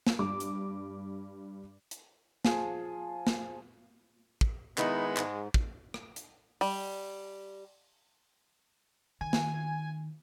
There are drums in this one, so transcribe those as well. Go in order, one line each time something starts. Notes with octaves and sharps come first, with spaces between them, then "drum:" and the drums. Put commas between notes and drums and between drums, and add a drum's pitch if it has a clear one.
drum: snare
G2 D6
drum: hi-hat
drum: hi-hat
F3 G#4, drum: snare
drum: snare
drum: kick
D#3 G#3 B3 D#4 E4, drum: clap
G#2, drum: clap
drum: kick
drum: rim click
drum: hi-hat
G3, drum: open hi-hat
D#3 G#5
drum: snare